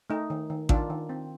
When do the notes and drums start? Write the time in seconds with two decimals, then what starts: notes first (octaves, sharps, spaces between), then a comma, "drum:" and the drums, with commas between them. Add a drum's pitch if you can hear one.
0.10 A3 D#4
0.30 D#3
0.50 D#3
0.69 D#3 D4 F4, drum: kick A1
0.90 D#3
1.09 C4